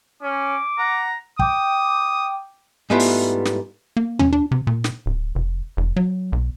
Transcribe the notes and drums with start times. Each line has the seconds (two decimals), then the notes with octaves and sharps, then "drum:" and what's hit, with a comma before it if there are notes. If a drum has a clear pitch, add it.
0.22 C#4 D6
0.78 F#5 A#5
1.39 G5 D6 D#6, drum: kick
2.90 G#2 G3 A3 B3 E4 F4
2.99 drum: open hi-hat
3.45 drum: snare
3.97 A#3
4.19 C#4, drum: tom D#2
4.33 D4
4.51 C3
4.67 A#2
4.84 drum: snare
5.06 D1
5.35 F1
5.77 F1
5.96 F#3
6.32 B1